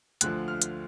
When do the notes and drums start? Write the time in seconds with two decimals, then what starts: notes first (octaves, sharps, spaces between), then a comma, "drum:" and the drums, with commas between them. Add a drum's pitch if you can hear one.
0.21 D2 D3 F3 F#6, drum: hi-hat
0.48 F6
0.62 drum: hi-hat